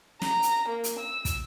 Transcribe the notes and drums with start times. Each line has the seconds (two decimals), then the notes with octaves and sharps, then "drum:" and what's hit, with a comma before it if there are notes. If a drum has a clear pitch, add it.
0.22 A#5, drum: snare
0.42 drum: hi-hat
0.69 A#3
0.84 drum: hi-hat
0.99 E6
1.25 drum: kick, hi-hat